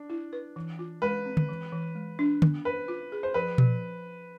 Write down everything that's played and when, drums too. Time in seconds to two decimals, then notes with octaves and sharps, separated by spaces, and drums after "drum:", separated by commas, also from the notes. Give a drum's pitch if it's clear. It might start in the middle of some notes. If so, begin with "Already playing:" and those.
Already playing: D4
0.10 E4
0.33 B4
0.56 E3
0.79 F4
1.02 G#3 B4
1.26 C4
1.37 drum: tom
1.49 E3
1.72 E3
1.95 G#3
2.19 D4
2.42 B3, drum: tom
2.65 B4 C5
2.88 F4
3.12 G#4
3.23 C5
3.34 F3 B4
3.58 F3, drum: tom A#2